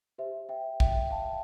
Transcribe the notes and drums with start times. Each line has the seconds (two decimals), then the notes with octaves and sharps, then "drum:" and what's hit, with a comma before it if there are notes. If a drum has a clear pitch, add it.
0.18 G4 C5 E5
0.49 E5 G5
0.80 E5 G5, drum: kick
1.11 F5 A5